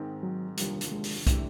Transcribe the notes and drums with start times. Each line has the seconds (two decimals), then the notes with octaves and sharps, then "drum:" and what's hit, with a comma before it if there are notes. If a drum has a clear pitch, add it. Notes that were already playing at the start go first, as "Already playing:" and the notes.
Already playing: G#2 D#3 G#3 C4
0.23 F#3
0.57 F1 D#2 D3 F3 G3, drum: hi-hat
0.81 drum: hi-hat
0.92 G#3
1.04 drum: open hi-hat
1.27 C3 E3 G#3 A3 D4, drum: kick, hi-hat